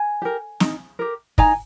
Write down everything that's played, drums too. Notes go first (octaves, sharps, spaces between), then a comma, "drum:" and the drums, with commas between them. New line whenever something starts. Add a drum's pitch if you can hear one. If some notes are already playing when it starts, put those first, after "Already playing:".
Already playing: G#5
G4 A#4
D#4, drum: snare
G4 A#4
D#4 G#5 A#5, drum: kick